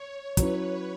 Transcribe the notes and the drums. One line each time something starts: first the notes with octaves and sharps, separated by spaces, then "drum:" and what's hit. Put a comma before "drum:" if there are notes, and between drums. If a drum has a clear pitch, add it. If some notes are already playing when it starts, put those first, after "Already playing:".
Already playing: C#5
F#3 C#4 E4 B4, drum: kick, hi-hat